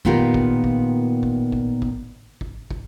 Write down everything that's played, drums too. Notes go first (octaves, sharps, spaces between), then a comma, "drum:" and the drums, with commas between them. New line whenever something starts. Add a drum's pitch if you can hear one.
A#2 D#3 B3 F4 G4 A#4, drum: kick
drum: kick
drum: kick
drum: kick
drum: kick
drum: kick
drum: kick
drum: kick